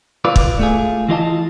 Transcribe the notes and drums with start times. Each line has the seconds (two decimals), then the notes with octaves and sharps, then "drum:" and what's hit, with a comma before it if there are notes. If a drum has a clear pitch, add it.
0.25 F4 B4 D5
0.36 drum: kick
0.59 A3 F4 G#4
1.09 E3 F4 D#5 A5